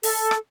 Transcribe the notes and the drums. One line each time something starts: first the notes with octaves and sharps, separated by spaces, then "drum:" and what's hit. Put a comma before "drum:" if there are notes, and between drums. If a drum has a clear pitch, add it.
A4, drum: open hi-hat
drum: rim click